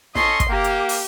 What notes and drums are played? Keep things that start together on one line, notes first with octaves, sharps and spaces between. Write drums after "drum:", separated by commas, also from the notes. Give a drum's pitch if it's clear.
C#4 A4 D#5 C6 C#6, drum: snare
drum: kick, hi-hat
A#3 G4
drum: hi-hat
drum: open hi-hat